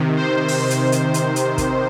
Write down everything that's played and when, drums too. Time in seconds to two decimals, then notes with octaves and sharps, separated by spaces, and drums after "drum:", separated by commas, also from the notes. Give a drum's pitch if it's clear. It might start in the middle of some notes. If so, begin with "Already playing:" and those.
Already playing: C3 D#3
0.16 C5
0.48 drum: open hi-hat
0.70 drum: hi-hat
0.92 drum: hi-hat
1.14 drum: hi-hat
1.36 drum: hi-hat
1.58 drum: kick, hi-hat